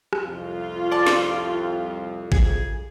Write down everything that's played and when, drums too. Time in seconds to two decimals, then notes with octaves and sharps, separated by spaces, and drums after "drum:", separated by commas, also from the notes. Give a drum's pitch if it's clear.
0.13 drum: rim click
0.24 C2 F2 F4
0.91 D5 A5
1.07 drum: snare
2.32 G#4, drum: kick G#1